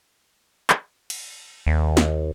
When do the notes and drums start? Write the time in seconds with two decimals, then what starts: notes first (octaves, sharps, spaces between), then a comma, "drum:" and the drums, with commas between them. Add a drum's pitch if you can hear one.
0.70 drum: clap
1.10 drum: cymbal
1.67 D#2
1.97 drum: snare